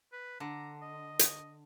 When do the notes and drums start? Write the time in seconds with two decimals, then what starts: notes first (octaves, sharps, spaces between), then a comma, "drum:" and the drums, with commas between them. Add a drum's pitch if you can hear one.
0.13 B4
0.40 D3 A#5
0.82 D#5
1.19 drum: hi-hat